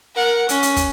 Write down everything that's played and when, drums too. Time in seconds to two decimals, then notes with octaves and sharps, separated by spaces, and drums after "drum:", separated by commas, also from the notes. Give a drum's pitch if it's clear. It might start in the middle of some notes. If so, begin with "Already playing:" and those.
0.15 A#4 F#5
0.49 C#4, drum: hi-hat
0.63 drum: hi-hat
0.76 drum: kick, hi-hat